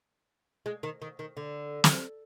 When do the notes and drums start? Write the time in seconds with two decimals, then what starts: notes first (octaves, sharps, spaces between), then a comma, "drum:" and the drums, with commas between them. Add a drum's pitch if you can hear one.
0.66 G#3
0.83 D#3
1.02 D#3
1.19 D#3
1.37 D3
1.84 drum: snare